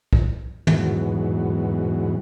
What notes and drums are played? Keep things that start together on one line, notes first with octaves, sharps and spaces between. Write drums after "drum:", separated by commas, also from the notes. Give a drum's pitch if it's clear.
drum: kick B1
E2 G#2 B2 F#3, drum: tom